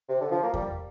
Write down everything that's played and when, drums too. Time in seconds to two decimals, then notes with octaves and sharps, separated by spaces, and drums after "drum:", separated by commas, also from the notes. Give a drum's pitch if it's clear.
0.09 C3
0.20 D3
0.31 F3
0.43 A#3
0.54 G3, drum: kick E2